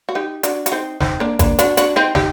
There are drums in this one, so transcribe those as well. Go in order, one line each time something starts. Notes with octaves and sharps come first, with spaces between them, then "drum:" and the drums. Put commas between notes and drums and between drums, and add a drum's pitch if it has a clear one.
F#4
D#4 G4
D4 F#4, drum: hi-hat
F#4, drum: hi-hat
C4 D#4
C4 D#4, drum: snare
A#3 D4
A#3 D4, drum: kick G1, hi-hat
D4 F#4, drum: hi-hat
D4 F#4, drum: hi-hat
C4 D#4
D#4 G4, drum: snare